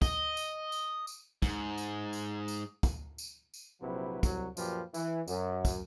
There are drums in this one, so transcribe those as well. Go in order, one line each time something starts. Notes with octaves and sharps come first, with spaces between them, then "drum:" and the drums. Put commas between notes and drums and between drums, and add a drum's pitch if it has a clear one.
D#5, drum: kick, tambourine
drum: tambourine
drum: tambourine
drum: tambourine
G#2, drum: kick, tambourine
drum: tambourine
drum: tambourine
drum: tambourine
drum: kick, tambourine
drum: tambourine
drum: tambourine
A#1 C3 F#3 E4 B4
C2 F#3, drum: kick, tambourine
F#2 A#2 F3 G4 B4, drum: tambourine
E3, drum: tambourine
F#2, drum: tambourine
drum: kick, tambourine